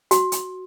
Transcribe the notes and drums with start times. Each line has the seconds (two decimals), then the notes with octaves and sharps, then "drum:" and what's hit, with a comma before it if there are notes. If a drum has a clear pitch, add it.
0.11 F#4, drum: hi-hat
0.32 drum: hi-hat